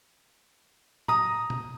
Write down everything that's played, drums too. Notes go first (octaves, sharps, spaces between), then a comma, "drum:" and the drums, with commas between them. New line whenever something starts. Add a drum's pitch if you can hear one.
A#5 D#6, drum: tom
drum: tom A#2